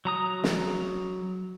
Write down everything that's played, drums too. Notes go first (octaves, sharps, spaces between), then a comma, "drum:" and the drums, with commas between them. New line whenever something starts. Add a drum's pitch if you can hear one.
F#3 A#5 D#6
drum: snare